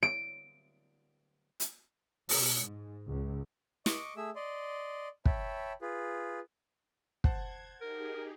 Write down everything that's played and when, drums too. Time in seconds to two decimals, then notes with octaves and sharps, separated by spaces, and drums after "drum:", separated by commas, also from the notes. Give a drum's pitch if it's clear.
0.03 D7
1.60 drum: hi-hat
2.29 B2, drum: open hi-hat
2.63 G#2
3.10 C#2
3.86 D#5 C#6 D6, drum: snare
4.17 A3 G#4 E5 E6
4.36 D5 D#5 C6
5.25 C#5 E5 G5 A5 B5, drum: kick
5.82 F4 G#4 B4
7.24 C5 F#5 A5 G#6, drum: kick
7.81 D#4 G4 G#4 A#4